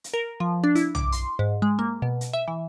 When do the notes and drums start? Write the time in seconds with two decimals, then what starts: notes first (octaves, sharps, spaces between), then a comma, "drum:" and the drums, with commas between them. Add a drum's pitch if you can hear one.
0.04 drum: hi-hat
0.14 A#4
0.40 F3
0.64 D4
0.75 E4, drum: hi-hat
0.95 D6, drum: tom B1
1.13 C6, drum: hi-hat
1.39 G#2
1.62 G#3
1.79 A#3
2.02 B2
2.21 drum: hi-hat
2.33 E5
2.48 E3